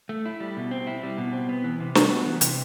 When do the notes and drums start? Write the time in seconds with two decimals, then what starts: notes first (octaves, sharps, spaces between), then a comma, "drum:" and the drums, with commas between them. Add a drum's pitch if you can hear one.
0.09 A3
0.26 E4
0.40 G3
0.57 B2
0.71 C4
0.87 E4
1.03 G3
1.18 B2
1.33 C4
1.49 B3
1.64 E3
1.80 C3
1.95 G3, drum: snare
2.11 B3
2.26 E3
2.41 C3, drum: hi-hat